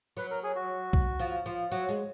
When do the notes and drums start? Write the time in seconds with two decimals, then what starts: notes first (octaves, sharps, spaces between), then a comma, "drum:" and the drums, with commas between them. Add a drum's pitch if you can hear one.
0.17 F#3 B4
0.31 A#4
0.43 G#4
0.56 F#4
0.93 drum: kick B1
1.20 F3
1.46 F3
1.71 F#3 F#4
1.89 G#3